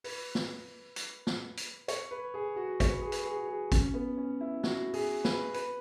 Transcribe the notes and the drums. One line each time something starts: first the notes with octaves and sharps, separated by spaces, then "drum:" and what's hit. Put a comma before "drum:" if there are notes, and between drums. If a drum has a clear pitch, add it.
B4, drum: open hi-hat
drum: snare
drum: hi-hat
drum: snare
drum: hi-hat
C#5, drum: hi-hat
B4
G#4
F#4
C#5, drum: kick, hi-hat
B4
G#4
B4, drum: hi-hat
G#4
F#4
G#4
C#4, drum: kick, hi-hat
B3
C#4
E4
F#4, drum: snare
G#4, drum: open hi-hat
B4, drum: snare
B4, drum: hi-hat